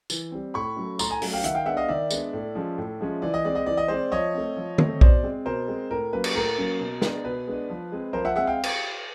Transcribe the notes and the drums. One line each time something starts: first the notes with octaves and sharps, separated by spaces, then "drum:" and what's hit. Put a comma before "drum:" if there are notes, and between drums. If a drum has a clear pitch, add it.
E3, drum: tambourine
G3 C4
A2 B5 C#6
F#3 A3 C#4
A2 A#5 C6, drum: tambourine
G#5 A#5
F#3 A3 C#4, drum: open hi-hat
F5 G5
D#3 E5 F#5, drum: hi-hat
F5 G5
G#3 B3 D4 E5 F#5
D#5 F5
D#3 D5 E5
G#3 B3 D4, drum: tambourine
A2
F3 G#3 C#4
A2
F3 G#3 C#4
E3 D5
D#5
G#3 C4 D5
D#5
E3 D5
D#5
G#3 C4 C5 D5
F3 C#5 D#5
A3 C4
F3
A3 C4, drum: tom D3
B2 C5 D5, drum: kick
G#3 C4
B2 A#4 C5
G#3 C4
A2 A#4
F#3 A#3 C#4 B4
drum: cymbal
A2 A#4
F#3 A#3 C#4
B2
G#3 B3 D4, drum: snare
B2 B4
G#3 B3 D4
F3
G#3 C4
F3 A#4 C5
E5 F#5
G#3 C4 E5 F#5
F5 G5
drum: cymbal